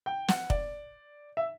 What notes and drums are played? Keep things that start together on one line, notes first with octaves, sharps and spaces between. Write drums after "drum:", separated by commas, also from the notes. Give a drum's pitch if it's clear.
G5
F#5, drum: snare
D5, drum: kick
E5